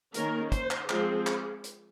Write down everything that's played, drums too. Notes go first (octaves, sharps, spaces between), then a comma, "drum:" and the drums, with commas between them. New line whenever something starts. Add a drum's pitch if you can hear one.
D#3 A#3 C#4 A#4, drum: hi-hat
C5, drum: kick, hi-hat
drum: clap
F3 G#3 C4 G#4, drum: clap
drum: clap
drum: hi-hat